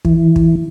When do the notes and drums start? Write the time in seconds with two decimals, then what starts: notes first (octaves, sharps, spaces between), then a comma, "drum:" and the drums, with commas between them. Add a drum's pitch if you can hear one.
0.05 E3, drum: kick
0.36 drum: kick